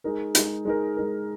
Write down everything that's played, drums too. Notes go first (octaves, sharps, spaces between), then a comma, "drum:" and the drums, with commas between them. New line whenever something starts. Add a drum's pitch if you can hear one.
G#3 D#4 A#4
G#3 D#4 A#4, drum: hi-hat
G#3 D#4 A#4
G#3 D#4 A#4